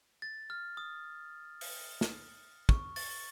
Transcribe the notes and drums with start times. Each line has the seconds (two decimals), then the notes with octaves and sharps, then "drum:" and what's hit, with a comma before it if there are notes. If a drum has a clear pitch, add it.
0.22 A6
0.50 F6
0.77 D#6
1.61 drum: open hi-hat
2.01 drum: snare
2.69 C#6, drum: kick
2.96 A6, drum: open hi-hat